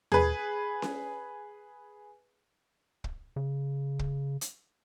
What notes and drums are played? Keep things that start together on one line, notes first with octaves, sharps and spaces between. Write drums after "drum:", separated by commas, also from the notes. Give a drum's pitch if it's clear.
G#4 B4, drum: tom D#2
drum: snare C#4
drum: kick
C#3
drum: kick
drum: hi-hat